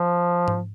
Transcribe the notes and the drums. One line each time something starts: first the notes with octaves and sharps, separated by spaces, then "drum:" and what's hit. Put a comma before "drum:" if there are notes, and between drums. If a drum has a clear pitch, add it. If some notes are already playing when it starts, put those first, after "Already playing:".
Already playing: F3
drum: tom G#2